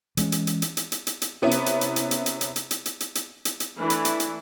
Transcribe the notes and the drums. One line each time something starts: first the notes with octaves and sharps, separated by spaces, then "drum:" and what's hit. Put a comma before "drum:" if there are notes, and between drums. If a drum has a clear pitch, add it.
E3 G#3 C#4, drum: hi-hat
drum: hi-hat
drum: hi-hat
drum: hi-hat
drum: hi-hat
drum: hi-hat
drum: hi-hat
drum: hi-hat
C3 B3 C#4 E4
drum: hi-hat
drum: hi-hat
drum: hi-hat
drum: hi-hat
drum: hi-hat
drum: hi-hat
drum: hi-hat
drum: hi-hat
drum: hi-hat
drum: hi-hat
drum: hi-hat
drum: hi-hat
drum: hi-hat
drum: hi-hat
E3 A3 D4 E4
drum: hi-hat
drum: hi-hat
drum: hi-hat